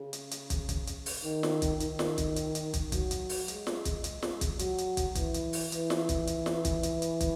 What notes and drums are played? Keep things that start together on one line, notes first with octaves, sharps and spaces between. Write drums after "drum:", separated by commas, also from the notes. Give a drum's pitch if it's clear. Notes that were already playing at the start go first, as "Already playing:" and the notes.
Already playing: C#3
drum: hi-hat
drum: hi-hat
drum: kick, hi-hat
drum: kick, hi-hat
drum: hi-hat
drum: open hi-hat
D#3
drum: snare
drum: kick, hi-hat
D#3, drum: hi-hat
drum: snare
drum: kick, hi-hat
drum: hi-hat
drum: hi-hat
drum: kick, hi-hat
F#3, drum: kick, hi-hat
drum: hi-hat
drum: open hi-hat
G#3, drum: hi-hat
drum: snare
drum: kick, hi-hat
drum: hi-hat
drum: snare
drum: kick, hi-hat
F#3, drum: hi-hat
drum: hi-hat
drum: kick, hi-hat
E3, drum: kick, hi-hat
drum: hi-hat
drum: open hi-hat
E3, drum: hi-hat
drum: snare
drum: kick, hi-hat
drum: hi-hat
drum: snare
drum: kick, hi-hat
drum: hi-hat
drum: hi-hat
drum: kick, hi-hat